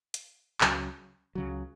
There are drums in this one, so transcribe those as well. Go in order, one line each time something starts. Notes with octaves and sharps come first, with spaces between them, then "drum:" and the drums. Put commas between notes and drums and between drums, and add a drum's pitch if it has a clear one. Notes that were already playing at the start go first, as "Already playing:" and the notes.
drum: hi-hat
C#2 C#3 F#3, drum: clap
C#2 C#3 F#3